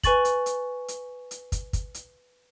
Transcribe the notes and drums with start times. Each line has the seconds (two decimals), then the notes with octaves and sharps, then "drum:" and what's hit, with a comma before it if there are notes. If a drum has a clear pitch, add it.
0.04 B4 G#5 C#6 A6 F#7, drum: kick, hi-hat
0.25 drum: hi-hat
0.46 drum: hi-hat
0.88 drum: hi-hat
1.31 drum: hi-hat
1.52 drum: kick, hi-hat
1.73 drum: kick, hi-hat
1.94 drum: hi-hat